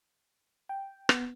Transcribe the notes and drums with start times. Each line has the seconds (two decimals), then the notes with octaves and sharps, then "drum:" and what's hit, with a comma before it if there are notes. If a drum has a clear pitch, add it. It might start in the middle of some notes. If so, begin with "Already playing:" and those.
0.69 G5
1.09 B3, drum: rim click